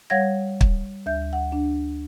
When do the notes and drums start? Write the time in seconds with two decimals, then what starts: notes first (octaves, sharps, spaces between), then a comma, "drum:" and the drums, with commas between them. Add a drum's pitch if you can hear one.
0.10 G3 C#5 F5 F#5 G#6 A#6
0.61 drum: kick
1.06 D2 E5 G6
1.33 F#5
1.52 D4